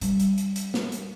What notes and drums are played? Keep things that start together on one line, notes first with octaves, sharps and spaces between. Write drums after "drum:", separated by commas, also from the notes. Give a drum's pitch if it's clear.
G3, drum: hi-hat
drum: hi-hat
drum: hi-hat
drum: hi-hat
drum: snare
drum: hi-hat